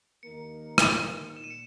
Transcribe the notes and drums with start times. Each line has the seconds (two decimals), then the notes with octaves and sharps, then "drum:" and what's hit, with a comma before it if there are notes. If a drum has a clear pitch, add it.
0.23 D#2 D#3 A#3 D#4 A#4 C#7
0.78 drum: rim click
1.36 A#2 E7
1.44 D#7
1.50 C#7